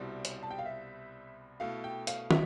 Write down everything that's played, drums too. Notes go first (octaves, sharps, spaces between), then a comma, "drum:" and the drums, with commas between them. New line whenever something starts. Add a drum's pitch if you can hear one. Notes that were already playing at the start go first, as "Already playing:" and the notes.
Already playing: C2 B2 G3 C4 E4 D5
drum: hi-hat
A5
G5
F5
E5
B2 A3 E4 F5
G5
F5, drum: hi-hat
E5, drum: tom